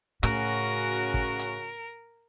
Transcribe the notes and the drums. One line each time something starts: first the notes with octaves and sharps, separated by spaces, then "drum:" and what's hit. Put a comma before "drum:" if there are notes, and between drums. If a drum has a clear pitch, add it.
A2 C#3 C#4 F#4 A#4, drum: rim click
drum: kick
drum: hi-hat